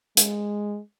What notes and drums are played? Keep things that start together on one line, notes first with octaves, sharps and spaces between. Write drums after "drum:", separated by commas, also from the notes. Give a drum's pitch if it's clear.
G#3, drum: hi-hat